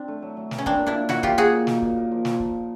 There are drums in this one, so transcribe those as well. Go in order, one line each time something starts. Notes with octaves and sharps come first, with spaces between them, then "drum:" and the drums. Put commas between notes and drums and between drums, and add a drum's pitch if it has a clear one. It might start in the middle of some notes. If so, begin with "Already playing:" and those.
Already playing: C4 D4
A3
F#3
F#3
B2, drum: snare
C#4
A#3 C4 D4, drum: kick
A#2
D4 E4
A#3
A#3 E4 F#4, drum: snare
A#2 F4 G4, drum: kick
A#2 F#4 G#4
A#3
D#4, drum: snare
A#3, drum: kick
A#3
F3
F3, drum: snare
drum: kick